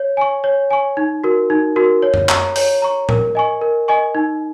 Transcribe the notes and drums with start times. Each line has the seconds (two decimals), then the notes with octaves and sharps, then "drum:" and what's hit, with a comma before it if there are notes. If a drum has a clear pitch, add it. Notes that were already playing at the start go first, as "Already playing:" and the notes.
Already playing: C#5
0.17 G#5 C#6
0.44 C#5
0.71 G#5 C#6
0.97 D#4
1.24 F#4 A#4
1.50 D#4
1.76 F#4 A#4
2.02 C#5
2.14 drum: tom F#2
2.29 A#5 C#6, drum: clap
2.56 C#5, drum: open hi-hat
2.82 A#5 C#6
3.09 A#4, drum: tom A2
3.35 D#5 G#5 C#6
3.62 A#4
3.88 D#5 G#5 C#6
4.15 D#4